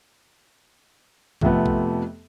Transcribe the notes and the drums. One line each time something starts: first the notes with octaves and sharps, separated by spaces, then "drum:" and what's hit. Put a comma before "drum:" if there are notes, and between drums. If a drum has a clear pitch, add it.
F2 C3 F3 A3 B3, drum: kick A1
drum: kick A1